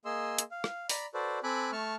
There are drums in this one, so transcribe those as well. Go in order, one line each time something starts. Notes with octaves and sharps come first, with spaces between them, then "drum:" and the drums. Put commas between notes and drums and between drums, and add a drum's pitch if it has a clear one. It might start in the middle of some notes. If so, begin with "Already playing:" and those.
A#3 G#4 D#5 C6 E6
drum: hi-hat
F5
drum: rim click
D5 A#5 B5, drum: open hi-hat
F#4 A4 B4 C5 D5
C4 A4 G#5 B5 D6 F#6
A3 A5 C#6 F6